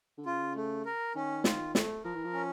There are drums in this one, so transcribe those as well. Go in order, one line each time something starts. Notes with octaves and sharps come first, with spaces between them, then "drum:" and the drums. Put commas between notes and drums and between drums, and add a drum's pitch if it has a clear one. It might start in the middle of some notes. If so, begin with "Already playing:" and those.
D3
C#3 F4
A3
A#4
D#3 C#4
F4, drum: snare
A3, drum: snare
F3 A#4
E3
F3
C#4